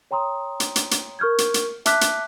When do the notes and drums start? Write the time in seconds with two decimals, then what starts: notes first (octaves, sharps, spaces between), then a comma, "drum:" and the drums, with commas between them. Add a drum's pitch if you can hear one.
0.11 C#5 G5 A#5 C6 D#6
0.60 drum: hi-hat
0.76 drum: hi-hat
0.91 drum: hi-hat
1.19 A#4 C#6 F6 G6 G#6
1.38 drum: hi-hat
1.54 drum: hi-hat
1.86 E5 A5 D6 F6 F#6 B6, drum: hi-hat
2.01 drum: hi-hat